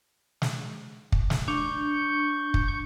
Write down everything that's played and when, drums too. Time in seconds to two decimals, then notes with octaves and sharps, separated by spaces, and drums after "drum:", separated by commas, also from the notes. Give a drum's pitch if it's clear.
0.42 drum: snare
1.12 drum: kick
1.30 drum: snare
1.48 D4 C#6 G6
2.54 drum: kick